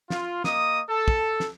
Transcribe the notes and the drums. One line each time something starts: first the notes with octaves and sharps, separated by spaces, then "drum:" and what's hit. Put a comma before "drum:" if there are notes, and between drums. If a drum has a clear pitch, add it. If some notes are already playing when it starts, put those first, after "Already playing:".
F4, drum: snare
A#3 D#5 D#6, drum: snare
A4
drum: kick
drum: snare